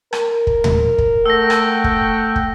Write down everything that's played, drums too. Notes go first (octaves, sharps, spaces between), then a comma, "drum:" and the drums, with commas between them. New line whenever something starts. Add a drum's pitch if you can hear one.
A#4, drum: rim click
drum: kick
drum: tom
drum: kick
A3 F#5 G5 E6 A#6
drum: rim click
drum: kick
drum: kick